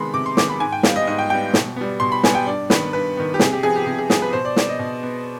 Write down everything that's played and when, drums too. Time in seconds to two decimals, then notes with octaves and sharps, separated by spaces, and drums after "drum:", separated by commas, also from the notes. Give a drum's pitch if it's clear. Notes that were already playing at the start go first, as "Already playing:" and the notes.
Already playing: C3 D#3 G#3 B3 B5 C6
0.14 C3 D6
0.26 C6
0.37 D#3 G#3 B3 D6, drum: snare
0.49 B5
0.60 G#2 G#5
0.72 G5
0.83 G3 B3 F5, drum: snare
0.96 D#5
1.07 G#2 D#5
1.19 G5
1.30 G3 B3 G5
1.54 B2, drum: snare
1.76 G3 B3
2.00 B2 C6
2.12 B5
2.23 G3 B3 G#5, drum: snare
2.35 G5
2.46 G2 D5
2.70 D#3 B3 B4, drum: snare
2.93 G2 B4
3.17 D#3 B3
3.34 G4
3.39 C3 G#4, drum: snare
3.52 G4
3.63 F3 B3 G#4
3.76 G4
3.86 C3 G4
3.98 G#4
4.10 F3 B3 G#4, drum: snare
4.22 B4
4.33 B2 C5
4.45 D5
4.56 B3 D5, drum: snare
4.69 D#5
4.79 B2
5.03 B3